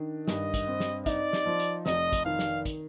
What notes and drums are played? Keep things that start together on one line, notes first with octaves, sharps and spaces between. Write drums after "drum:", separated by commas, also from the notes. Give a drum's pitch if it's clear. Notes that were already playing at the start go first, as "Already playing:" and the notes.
Already playing: D#3 D4
G2 D#5, drum: snare
drum: kick, hi-hat
C4
drum: snare
D#4 D5, drum: kick, hi-hat
drum: snare
F3
drum: hi-hat
F1 D#5, drum: snare
drum: kick, hi-hat
D#3 F5
drum: snare
drum: kick, hi-hat